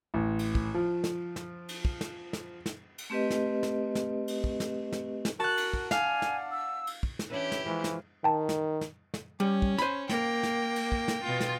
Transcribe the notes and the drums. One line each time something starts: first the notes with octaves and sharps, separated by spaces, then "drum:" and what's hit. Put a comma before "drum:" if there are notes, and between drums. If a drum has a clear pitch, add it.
A1
drum: cymbal
drum: kick
F3
drum: snare
drum: snare
drum: cymbal
drum: kick
drum: snare
drum: snare
drum: snare
drum: cymbal
A3 C4 G4 B4 D#5
drum: snare
drum: snare
drum: snare
drum: cymbal
drum: kick
drum: snare
drum: snare
drum: snare
F#4 A#4 A5 F#6
drum: cymbal
drum: kick
D4 D5 F5 F#5 G#5, drum: snare
drum: snare
E6
drum: cymbal
drum: kick
drum: snare
E3 C#4 D4 E4 G4
drum: snare
E3 F3 G#3
drum: snare
D#3 G5 A5
drum: snare
drum: snare
drum: snare
G3 C#4
drum: kick
C5 B5, drum: snare
A#3 G5, drum: snare
drum: snare
drum: cymbal
drum: kick
drum: snare
B2 F4
drum: snare